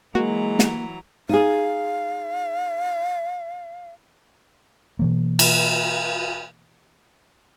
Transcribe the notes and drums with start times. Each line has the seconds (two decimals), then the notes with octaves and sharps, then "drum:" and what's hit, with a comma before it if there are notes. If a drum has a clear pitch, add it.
0.15 E3 F#3 G#3 A#3 F#4 A#5
0.59 drum: snare
1.29 D#4 G#4 F5
4.99 B2 E3 A#3
5.39 drum: cymbal